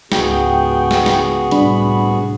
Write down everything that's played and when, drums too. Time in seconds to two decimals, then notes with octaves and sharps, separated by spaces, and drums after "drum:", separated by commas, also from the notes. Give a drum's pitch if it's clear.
0.12 C#2 G#2 B3 F#4 G#4 G5, drum: snare
0.91 drum: snare
1.06 drum: snare
1.51 C2 A2 G3 D4 B5, drum: hi-hat